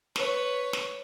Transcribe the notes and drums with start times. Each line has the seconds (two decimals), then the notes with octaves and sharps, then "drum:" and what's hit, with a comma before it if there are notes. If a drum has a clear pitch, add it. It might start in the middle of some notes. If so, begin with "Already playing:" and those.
0.16 B4 C#5, drum: snare
0.73 drum: snare